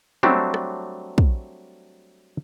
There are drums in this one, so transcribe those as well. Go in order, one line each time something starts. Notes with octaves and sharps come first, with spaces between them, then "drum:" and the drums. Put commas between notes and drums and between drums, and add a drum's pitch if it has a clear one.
F#3 G3 A3 C4 D4, drum: tom
drum: rim click
drum: kick